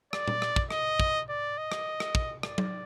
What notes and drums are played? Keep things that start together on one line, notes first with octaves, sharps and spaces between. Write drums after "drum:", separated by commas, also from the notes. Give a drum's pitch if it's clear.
D5, drum: rim click
drum: tom A#2
drum: rim click
drum: kick
D#5, drum: rim click
drum: kick
D5
D#5
drum: rim click
drum: rim click
drum: kick
D5, drum: rim click
drum: tom F#3